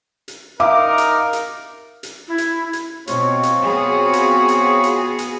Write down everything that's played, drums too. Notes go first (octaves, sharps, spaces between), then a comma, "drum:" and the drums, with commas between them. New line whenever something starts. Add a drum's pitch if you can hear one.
drum: hi-hat
D#4 A#4 E5 F5 D6
drum: hi-hat
drum: hi-hat
drum: hi-hat
E4
drum: hi-hat
drum: hi-hat
B2 C4 F4 C#5, drum: hi-hat
drum: hi-hat
B3 F#4 G#4
drum: hi-hat
drum: hi-hat
drum: hi-hat
drum: hi-hat